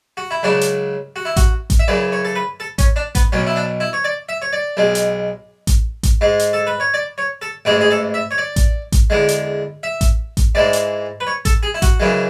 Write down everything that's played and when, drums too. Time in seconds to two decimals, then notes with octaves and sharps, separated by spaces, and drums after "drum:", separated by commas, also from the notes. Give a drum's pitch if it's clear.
0.17 F#4
0.31 E4
0.43 C#2 C#3 F#3 D4
0.61 drum: hi-hat
1.16 F#4
1.25 E4
1.36 F#4, drum: kick A1, hi-hat
1.70 drum: kick A1, hi-hat
1.79 E5
1.88 F#2 C#3 E3 D5
2.12 C#5
2.25 A4
2.35 B4
2.60 A4
2.78 C#4, drum: kick A1, hi-hat
2.96 D4
3.15 B3, drum: kick A1, hi-hat
3.32 B1 B2 F#3 C#4
3.47 E4
3.56 D4
3.80 E4
3.93 C#5
4.04 D5
4.29 E5
4.42 C#5
4.53 D5
4.77 B1 B2 G#3
4.95 drum: hi-hat
5.67 drum: kick A1, hi-hat
6.03 drum: kick A1, hi-hat
6.21 G#2 G#3
6.39 drum: hi-hat
6.53 A4
6.67 B4
6.80 C#5
6.94 D5
7.18 C#5
7.42 A4
7.65 A1 G#2 E3 G#3 G#4
7.81 G#4
7.91 A4
8.14 E5
8.31 C#5
8.38 D5
8.56 drum: kick A1, hi-hat
8.92 drum: kick A1, hi-hat
9.10 E2 D3 G#3
9.29 drum: hi-hat
9.83 E5
10.01 drum: kick A1, hi-hat
10.37 drum: kick A1, hi-hat
10.55 G#2 E3 G#3 D5
10.73 drum: hi-hat
11.20 B4
11.27 C#5
11.45 A4, drum: kick A1, hi-hat
11.63 G#4
11.75 E4
11.82 F#4, drum: kick A1, hi-hat
12.00 F#2 C#3 E3 G#3